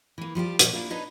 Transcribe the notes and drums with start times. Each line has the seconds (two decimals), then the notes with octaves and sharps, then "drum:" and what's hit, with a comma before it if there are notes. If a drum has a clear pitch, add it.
0.18 E3 A#3
0.35 F3 G3 F4 G4
0.59 A#2 F3 G3, drum: hi-hat
0.73 A#3 D4 E4 F4
0.90 D4 D#4 B4 C#5 D#5